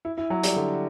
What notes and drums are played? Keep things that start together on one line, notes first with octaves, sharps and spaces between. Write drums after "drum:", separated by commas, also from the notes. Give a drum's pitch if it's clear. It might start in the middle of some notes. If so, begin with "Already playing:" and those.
E4
E4
F#3
G3, drum: hi-hat
D3